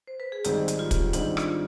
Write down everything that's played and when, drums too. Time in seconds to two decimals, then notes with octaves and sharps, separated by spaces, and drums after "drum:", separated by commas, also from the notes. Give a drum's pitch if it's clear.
0.07 C5
0.20 B4
0.32 G#4
0.44 G#1 G#2 G3 C4 D#4 G4, drum: hi-hat
0.68 drum: hi-hat
0.79 F4
0.91 drum: kick, hi-hat
1.13 G#1 G#2 G3 C4 D4 D#4, drum: hi-hat
1.37 drum: rim click
1.48 F4